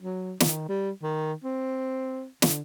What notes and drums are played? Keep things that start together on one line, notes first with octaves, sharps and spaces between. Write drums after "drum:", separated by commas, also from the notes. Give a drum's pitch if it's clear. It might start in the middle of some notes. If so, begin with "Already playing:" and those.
F#3
D#3, drum: snare
G3
D#3
C4
D3, drum: snare